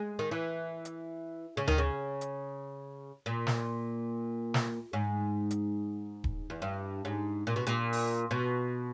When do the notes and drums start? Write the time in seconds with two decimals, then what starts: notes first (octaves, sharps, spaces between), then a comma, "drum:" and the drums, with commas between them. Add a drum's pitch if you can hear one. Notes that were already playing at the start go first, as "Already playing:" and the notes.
Already playing: G#3
0.19 D#3
0.31 E3
0.85 drum: hi-hat
1.57 C#3
1.68 D#3, drum: tom D2
1.78 C#3
2.21 drum: hi-hat
3.26 A#2
3.47 drum: snare
4.54 drum: snare
4.93 G#2
5.51 drum: hi-hat
6.24 drum: kick D#1
6.50 E2
6.62 G2
7.05 G#2
7.47 A#2
7.56 B2
7.67 A#2, drum: hi-hat
7.93 drum: open hi-hat
8.31 B2